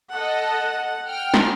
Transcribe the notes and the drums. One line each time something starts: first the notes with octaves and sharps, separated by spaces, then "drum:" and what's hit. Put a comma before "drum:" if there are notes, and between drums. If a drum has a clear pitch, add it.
A4 D#5 F#5
G5 F6
drum: snare